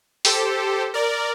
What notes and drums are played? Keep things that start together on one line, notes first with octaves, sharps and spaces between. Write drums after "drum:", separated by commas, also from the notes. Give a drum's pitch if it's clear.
G4 A4 C5, drum: open hi-hat
A#4 D5